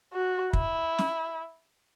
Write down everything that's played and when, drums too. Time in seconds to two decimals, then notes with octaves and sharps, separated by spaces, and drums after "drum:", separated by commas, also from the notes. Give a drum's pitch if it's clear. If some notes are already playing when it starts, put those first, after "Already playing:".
0.13 F#4
0.53 E4, drum: kick
0.98 drum: snare